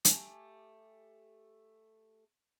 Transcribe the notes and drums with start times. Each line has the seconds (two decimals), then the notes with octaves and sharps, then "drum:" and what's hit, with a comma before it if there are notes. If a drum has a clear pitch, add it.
0.05 A3 G4 G#5, drum: hi-hat